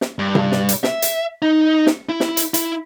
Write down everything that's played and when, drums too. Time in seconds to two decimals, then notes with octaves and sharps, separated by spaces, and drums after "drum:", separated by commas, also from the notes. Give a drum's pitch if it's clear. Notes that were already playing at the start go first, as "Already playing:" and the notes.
0.01 drum: snare
0.19 G2
0.35 drum: tom C3
0.52 drum: snare
0.69 drum: hi-hat
0.84 E5, drum: snare
1.02 drum: hi-hat
1.42 D#4
1.86 drum: snare
2.09 E4
2.20 drum: snare
2.37 drum: hi-hat
2.54 E4, drum: hi-hat